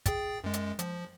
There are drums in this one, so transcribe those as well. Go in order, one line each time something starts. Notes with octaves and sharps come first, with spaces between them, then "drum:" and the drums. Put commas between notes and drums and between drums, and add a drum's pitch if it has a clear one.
G#4 G5 A6, drum: kick, hi-hat
F#2 G#3
drum: hi-hat
F3, drum: hi-hat